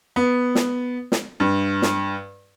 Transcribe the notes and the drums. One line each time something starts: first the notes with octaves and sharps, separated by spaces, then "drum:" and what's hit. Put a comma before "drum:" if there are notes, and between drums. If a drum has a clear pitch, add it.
B3
drum: snare
drum: snare
G2
drum: snare